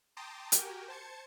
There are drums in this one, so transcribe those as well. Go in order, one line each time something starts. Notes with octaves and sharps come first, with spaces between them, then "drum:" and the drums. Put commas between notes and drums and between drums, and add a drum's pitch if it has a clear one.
G5 A5 A#5 C6 D6 D#6
F#4 G4 A#4 G5 G#5, drum: hi-hat
C5 A5 G#6 C#7